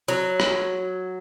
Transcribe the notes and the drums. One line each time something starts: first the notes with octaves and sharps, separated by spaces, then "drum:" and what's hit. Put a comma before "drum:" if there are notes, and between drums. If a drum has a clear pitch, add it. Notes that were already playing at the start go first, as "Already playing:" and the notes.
F#3
drum: rim click